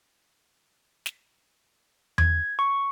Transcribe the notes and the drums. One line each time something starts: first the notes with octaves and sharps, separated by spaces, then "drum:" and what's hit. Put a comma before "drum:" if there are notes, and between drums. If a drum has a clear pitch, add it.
drum: snare
G#6, drum: tom E2
C#6